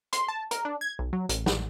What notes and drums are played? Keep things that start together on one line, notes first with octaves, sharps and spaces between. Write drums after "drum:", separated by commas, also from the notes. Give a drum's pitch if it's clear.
C6, drum: hi-hat
A5
A#4, drum: hi-hat
D4
G#6
B1
F#3
A1, drum: hi-hat
drum: snare